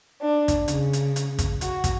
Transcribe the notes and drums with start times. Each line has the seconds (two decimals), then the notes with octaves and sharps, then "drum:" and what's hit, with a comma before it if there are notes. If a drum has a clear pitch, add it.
0.21 D4
0.48 drum: kick, hi-hat
0.68 C#3, drum: hi-hat
0.93 drum: hi-hat
1.16 drum: hi-hat
1.39 drum: kick, hi-hat
1.61 F#4, drum: hi-hat
1.84 drum: kick, hi-hat